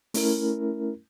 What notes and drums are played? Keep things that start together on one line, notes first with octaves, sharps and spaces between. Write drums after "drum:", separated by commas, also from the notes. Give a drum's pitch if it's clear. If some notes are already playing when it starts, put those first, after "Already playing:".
A3 C#4 E4 A#4, drum: open hi-hat